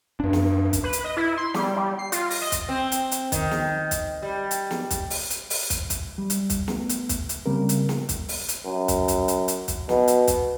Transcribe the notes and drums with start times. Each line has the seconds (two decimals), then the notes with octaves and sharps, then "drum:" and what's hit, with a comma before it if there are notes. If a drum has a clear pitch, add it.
0.20 F#2 D4
0.33 drum: snare
0.73 drum: kick, hi-hat
0.84 B4
0.93 drum: hi-hat
1.04 D#5
1.17 E4
1.37 C6
1.54 G3, drum: snare
1.76 G3
1.99 C7
2.12 F4, drum: hi-hat
2.30 A#6, drum: open hi-hat
2.42 D#5
2.52 drum: kick, hi-hat
2.69 C4
2.92 drum: hi-hat
3.12 drum: hi-hat
3.32 D#3, drum: kick, hi-hat
3.51 drum: snare
3.91 drum: kick, hi-hat
4.22 G3
4.51 drum: hi-hat
4.71 drum: snare
4.90 drum: kick, hi-hat
5.10 drum: open hi-hat
5.30 drum: hi-hat
5.50 drum: open hi-hat
5.70 drum: kick, hi-hat
5.90 drum: kick, hi-hat
6.18 G3
6.30 drum: hi-hat
6.50 drum: kick, hi-hat
6.68 A3 B3, drum: snare
6.89 drum: hi-hat
7.09 drum: kick, hi-hat
7.29 drum: hi-hat
7.46 C#3 G3 A#3 C4 A#4
7.69 drum: hi-hat
7.89 drum: snare
8.09 drum: kick, hi-hat
8.29 drum: open hi-hat
8.48 drum: hi-hat
8.65 F#2
8.88 drum: kick, hi-hat
9.08 drum: kick, hi-hat
9.28 drum: hi-hat
9.48 drum: hi-hat
9.68 drum: kick, hi-hat
9.89 B2, drum: snare
10.08 drum: hi-hat
10.27 drum: kick, hi-hat